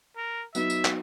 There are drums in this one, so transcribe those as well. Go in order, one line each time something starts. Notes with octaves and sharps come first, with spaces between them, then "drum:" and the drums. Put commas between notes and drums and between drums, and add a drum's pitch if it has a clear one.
A#4
F#3 B3 D#4 E5, drum: tambourine
drum: tambourine
drum: clap